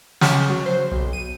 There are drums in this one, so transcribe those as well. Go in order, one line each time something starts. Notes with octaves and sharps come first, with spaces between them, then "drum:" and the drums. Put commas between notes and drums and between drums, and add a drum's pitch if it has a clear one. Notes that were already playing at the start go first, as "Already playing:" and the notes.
C#3, drum: snare
F#3
C5
B1
D#7